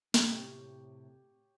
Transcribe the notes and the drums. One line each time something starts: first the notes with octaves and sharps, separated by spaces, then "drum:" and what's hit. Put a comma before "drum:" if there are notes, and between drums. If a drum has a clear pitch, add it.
A2 C3 G4 C#5, drum: snare